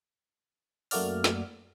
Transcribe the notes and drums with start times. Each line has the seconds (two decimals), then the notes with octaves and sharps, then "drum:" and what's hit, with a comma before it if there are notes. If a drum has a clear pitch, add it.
0.91 F#2 A3 A#3 F#4 D5 F6, drum: open hi-hat
1.24 drum: snare